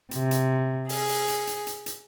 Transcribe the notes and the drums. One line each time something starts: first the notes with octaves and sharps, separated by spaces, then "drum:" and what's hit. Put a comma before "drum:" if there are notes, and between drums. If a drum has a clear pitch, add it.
C3, drum: hi-hat
drum: hi-hat
G#4, drum: open hi-hat
drum: open hi-hat
drum: hi-hat
drum: hi-hat
drum: hi-hat
drum: hi-hat